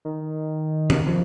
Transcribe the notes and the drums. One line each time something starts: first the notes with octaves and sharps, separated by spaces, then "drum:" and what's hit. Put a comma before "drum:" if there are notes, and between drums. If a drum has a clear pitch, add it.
D#3
drum: tom D#3
F3